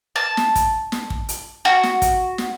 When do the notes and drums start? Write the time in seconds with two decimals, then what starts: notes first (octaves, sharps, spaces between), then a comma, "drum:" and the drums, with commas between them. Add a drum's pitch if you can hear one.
0.16 A5
0.37 drum: snare
0.55 drum: kick, hi-hat
0.92 drum: snare
1.10 drum: kick
1.29 drum: hi-hat
1.65 F#4
1.83 drum: snare
2.02 drum: kick, hi-hat
2.38 drum: snare